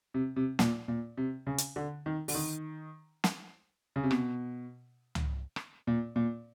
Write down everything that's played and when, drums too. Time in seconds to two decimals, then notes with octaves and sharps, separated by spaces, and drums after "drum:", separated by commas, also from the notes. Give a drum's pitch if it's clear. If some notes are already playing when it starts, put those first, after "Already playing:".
0.14 C3
0.36 C3
0.59 A#2, drum: snare
0.88 A#2
1.17 C3
1.47 C#3
1.58 drum: hi-hat
1.76 D3
2.06 D#3
2.28 D3, drum: open hi-hat
2.35 D#3
3.24 drum: snare
3.96 C#3
4.03 C3
4.11 B2, drum: rim click
5.15 drum: tom
5.56 drum: rim click
5.87 A#2
6.16 A#2